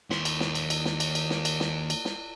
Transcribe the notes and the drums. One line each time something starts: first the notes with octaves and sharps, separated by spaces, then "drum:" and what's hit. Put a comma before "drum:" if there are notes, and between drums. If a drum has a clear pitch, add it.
D#2 C6, drum: snare
drum: cymbal
drum: snare
drum: cymbal
drum: cymbal
drum: snare
drum: cymbal
drum: cymbal
drum: snare
drum: cymbal
drum: snare
drum: cymbal
drum: snare